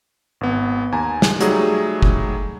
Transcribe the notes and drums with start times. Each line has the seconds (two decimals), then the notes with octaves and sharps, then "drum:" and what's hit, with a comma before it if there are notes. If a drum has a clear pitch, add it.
0.41 G#1 B3
0.92 D#2 G#5 A#5
1.22 drum: snare
1.41 F#3 G3 A3 D#4 G#4, drum: hi-hat
2.02 drum: kick